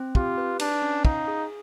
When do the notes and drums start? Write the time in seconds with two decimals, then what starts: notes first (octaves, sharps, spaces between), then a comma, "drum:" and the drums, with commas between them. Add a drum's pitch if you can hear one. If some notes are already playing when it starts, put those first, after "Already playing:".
Already playing: C4 C5
0.15 F4 G4, drum: kick
0.38 B4
0.60 D4 B4, drum: cymbal
0.82 C#4
1.05 D#4 F5, drum: kick
1.28 G#4